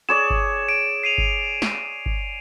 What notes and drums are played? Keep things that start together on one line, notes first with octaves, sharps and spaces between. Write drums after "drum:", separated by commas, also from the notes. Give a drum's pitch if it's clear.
G#4 C#5 D5 E7
drum: kick G1
D7
C7 D#7 F7
drum: kick G1
drum: snare
drum: kick G1